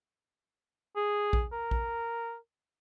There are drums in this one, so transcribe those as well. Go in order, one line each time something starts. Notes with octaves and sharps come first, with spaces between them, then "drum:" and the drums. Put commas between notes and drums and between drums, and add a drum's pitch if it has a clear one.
G#4
drum: kick A#1
A#4
drum: kick A#1